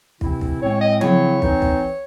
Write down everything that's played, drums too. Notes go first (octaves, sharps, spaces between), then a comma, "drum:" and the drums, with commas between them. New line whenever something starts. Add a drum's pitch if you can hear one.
C3 E3 C4 E4, drum: kick
drum: kick
A2 G#3 C4 C#5
D#5
C#3 F#3 C4 E4 C#5, drum: tom F3
E3 C4 D#4, drum: kick
drum: kick